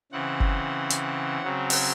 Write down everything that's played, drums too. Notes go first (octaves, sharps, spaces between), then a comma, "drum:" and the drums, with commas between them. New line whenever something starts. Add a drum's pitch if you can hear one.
C#3 E3 C4 F#5
drum: kick F#1
drum: hi-hat
C#3 F#3 C4
drum: open hi-hat